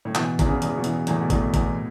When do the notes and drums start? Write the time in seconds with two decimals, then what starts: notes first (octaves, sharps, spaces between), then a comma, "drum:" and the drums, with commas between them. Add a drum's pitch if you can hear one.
0.05 A2
0.15 B2 E3, drum: clap
0.39 E2, drum: kick A1, hi-hat
0.46 C#3
0.62 E2, drum: hi-hat
0.77 B2
0.84 E3, drum: hi-hat
1.07 E2 A2, drum: hi-hat
1.21 B2
1.30 E2 A2, drum: kick A1, hi-hat
1.54 E2, drum: kick A1, hi-hat